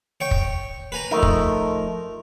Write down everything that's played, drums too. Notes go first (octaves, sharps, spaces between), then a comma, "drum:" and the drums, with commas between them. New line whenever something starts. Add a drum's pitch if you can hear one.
C#5 G5 C#6
drum: kick
B4 G#5 A#5
F3 A3 D#4 A#4
drum: kick